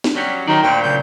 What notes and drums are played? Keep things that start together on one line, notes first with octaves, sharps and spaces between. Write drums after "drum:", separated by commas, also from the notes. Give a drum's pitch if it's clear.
drum: snare
F#3 G3 C#4 G4 C#5
D#3 F#3 D#4 A#4 C5 D5
D2 A#2 G5
C#3 F#3 G6